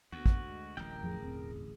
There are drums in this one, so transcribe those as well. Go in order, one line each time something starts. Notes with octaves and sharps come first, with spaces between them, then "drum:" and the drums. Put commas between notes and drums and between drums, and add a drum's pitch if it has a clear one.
D2 B3 F#4
drum: kick
G#3
D1 A1 A#4 G5
F2 E3 F3 G#4
E1 C4